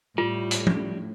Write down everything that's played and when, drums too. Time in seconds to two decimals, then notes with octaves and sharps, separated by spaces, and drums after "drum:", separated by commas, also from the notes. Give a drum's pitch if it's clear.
0.18 A2 G3 F4
0.51 drum: hi-hat
0.67 drum: tom